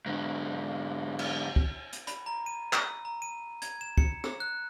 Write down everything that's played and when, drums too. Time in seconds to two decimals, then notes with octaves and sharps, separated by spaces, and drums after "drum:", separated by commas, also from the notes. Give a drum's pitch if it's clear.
0.06 G#2 D3
1.19 drum: cymbal
1.56 drum: kick
1.93 drum: hi-hat
2.07 B5, drum: hi-hat
2.26 A#5
2.46 D#7
2.73 E6, drum: clap
3.05 A#5
3.22 D#7
3.62 G#6, drum: hi-hat
3.81 E7
3.98 C#7, drum: kick
4.24 E6, drum: rim click
4.40 F#6